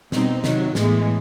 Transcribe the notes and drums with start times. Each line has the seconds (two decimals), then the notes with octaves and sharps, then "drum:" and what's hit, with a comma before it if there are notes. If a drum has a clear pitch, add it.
0.12 B2 G3 C4 D#4, drum: snare
0.44 C3 D#3 F#3, drum: snare
0.75 A2 E3 G#3 B3, drum: snare